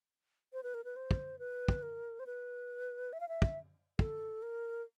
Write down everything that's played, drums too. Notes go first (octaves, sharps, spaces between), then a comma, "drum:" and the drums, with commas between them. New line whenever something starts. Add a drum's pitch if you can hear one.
C5
B4
A#4
B4
C5
drum: kick
B4
drum: kick
A#4
C5
B4
E5
F5
E5
drum: kick
A4, drum: kick
A#4